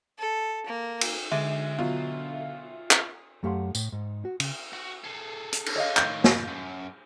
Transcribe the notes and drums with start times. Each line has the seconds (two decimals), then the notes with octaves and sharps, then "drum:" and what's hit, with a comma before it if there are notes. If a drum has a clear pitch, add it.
0.19 A4
0.66 A#3
1.01 drum: cymbal
1.32 D3 G#3 E5
1.79 B2 F#3 F4
2.91 drum: clap
3.43 F#2 A3 G4 F5 F#5 C6
3.75 A2, drum: tambourine
3.92 G#2
4.25 F#4
4.40 C#3, drum: cymbal
4.73 F#4 F#5
5.04 G#4 A4
5.53 drum: hi-hat
5.66 drum: cymbal
5.76 C#5 D#5 F5
5.97 A2 D#3 G6, drum: clap
6.24 drum: snare
6.47 F#2